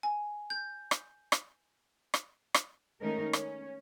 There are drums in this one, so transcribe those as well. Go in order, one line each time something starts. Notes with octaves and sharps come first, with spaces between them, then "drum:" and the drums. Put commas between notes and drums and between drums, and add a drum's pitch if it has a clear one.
G#5
G6
drum: rim click
drum: rim click
drum: rim click
drum: rim click
D#3 G#3 A3 C#4 D#4 A#4
C#4, drum: rim click